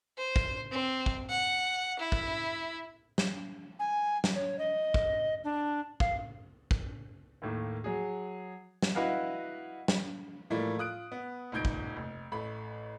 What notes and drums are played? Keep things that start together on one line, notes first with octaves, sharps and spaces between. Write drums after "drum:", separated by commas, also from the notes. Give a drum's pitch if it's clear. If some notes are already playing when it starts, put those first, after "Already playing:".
C5
drum: kick
C4
drum: kick
F#5
E4
drum: kick
drum: snare
G#5
drum: snare
C#5
D#5
drum: kick
D4
F5, drum: kick
drum: kick
D#2 A2 A3 A#3
F#3 G#4
drum: snare
E4 F#4 B4 D#5 F5 F#5
drum: snare
A2 E3 F3 G3 A3 A#3
F4 D#6 F#6 D7
B3
D#1 C#2 D#4 G6 G#6 D7
drum: kick
F1
A1 A3 B5